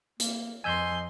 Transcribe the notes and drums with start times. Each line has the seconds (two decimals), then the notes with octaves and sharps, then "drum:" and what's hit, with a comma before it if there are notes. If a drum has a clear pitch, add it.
0.20 A#3, drum: hi-hat
0.64 F2 D#5 G#5 C6 E6 G6